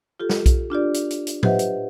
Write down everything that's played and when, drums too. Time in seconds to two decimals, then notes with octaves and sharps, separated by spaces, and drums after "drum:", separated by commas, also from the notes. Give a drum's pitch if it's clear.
0.20 F4 G4 A4
0.30 drum: snare
0.46 drum: kick B1, hi-hat
0.70 D4 F4 G4 D5
0.94 drum: hi-hat
1.10 drum: hi-hat
1.27 drum: hi-hat
1.43 G4 B4 C5 D#5 E5 F#5, drum: tom A2
1.59 drum: hi-hat